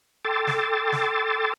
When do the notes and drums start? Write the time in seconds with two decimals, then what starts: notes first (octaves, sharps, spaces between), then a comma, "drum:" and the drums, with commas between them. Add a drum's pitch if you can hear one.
0.25 A4 G5 C6 D6 E6 A6
0.47 drum: snare
0.92 drum: snare